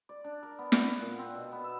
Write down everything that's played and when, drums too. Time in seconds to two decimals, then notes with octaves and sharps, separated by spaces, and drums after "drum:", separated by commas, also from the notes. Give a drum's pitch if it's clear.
0.09 D5
0.24 D4
0.43 A#4
0.59 B3
0.72 F#5, drum: snare
1.00 A#2
1.19 C4
1.35 B2
1.52 B3
1.64 E5